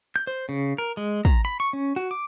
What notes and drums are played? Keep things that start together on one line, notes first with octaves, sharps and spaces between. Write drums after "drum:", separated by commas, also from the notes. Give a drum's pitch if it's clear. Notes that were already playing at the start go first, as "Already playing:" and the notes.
G6
C5
C#3
A#4
G#3
A#5, drum: kick
B5
C#6
C#4
F#4
D6